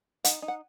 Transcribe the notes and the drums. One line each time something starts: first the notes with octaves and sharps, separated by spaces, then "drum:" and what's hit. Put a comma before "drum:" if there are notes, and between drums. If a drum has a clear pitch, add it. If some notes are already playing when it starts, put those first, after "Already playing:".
D#4 F#5, drum: hi-hat
D#4
F#5